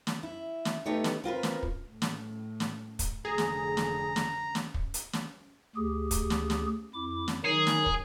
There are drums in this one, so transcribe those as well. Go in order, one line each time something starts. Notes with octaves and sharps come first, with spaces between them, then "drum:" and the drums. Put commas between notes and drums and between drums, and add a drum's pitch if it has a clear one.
drum: snare
E4
drum: snare
A3 B3 D#4 G4 C#5
drum: snare
C4 F4 A#4 B4
drum: snare
drum: kick
A2
drum: snare
drum: snare
drum: kick, hi-hat
F1 D3 G#4 A#5
drum: snare
drum: snare
drum: snare
drum: snare
drum: kick
drum: hi-hat
drum: snare
D2 G4 G#4
drum: kick, hi-hat
drum: snare
drum: snare
F2 E4 D6
drum: snare
D#3 F#3 D#4 G#4
drum: snare
drum: kick